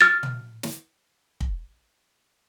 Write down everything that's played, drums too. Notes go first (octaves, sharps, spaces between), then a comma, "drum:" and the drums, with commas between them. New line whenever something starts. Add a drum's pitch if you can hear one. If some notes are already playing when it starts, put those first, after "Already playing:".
F6 A6
drum: tom
drum: snare
drum: kick